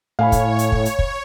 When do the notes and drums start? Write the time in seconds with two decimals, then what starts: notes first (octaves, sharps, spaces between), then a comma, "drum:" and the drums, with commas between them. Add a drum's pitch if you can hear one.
0.19 A2 C#5 F5 G#5 B5
0.32 drum: kick, hi-hat
0.59 drum: hi-hat
0.72 drum: kick
0.85 drum: hi-hat
0.99 drum: kick